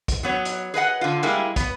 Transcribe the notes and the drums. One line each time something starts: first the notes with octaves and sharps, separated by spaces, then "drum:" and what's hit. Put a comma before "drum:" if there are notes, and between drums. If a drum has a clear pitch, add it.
drum: kick, hi-hat
F#3 B3 C#5
drum: hi-hat
G#4 B4 D#5 F#5
D3 F4
G3 G#3 A#3 E4
B3, drum: kick, hi-hat